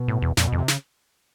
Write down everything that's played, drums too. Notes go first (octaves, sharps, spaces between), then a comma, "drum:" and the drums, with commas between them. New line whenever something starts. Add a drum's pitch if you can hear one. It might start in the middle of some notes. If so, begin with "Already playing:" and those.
Already playing: B2
A2
E2
F2 A#2, drum: snare
B2
F2
C3
C#3, drum: snare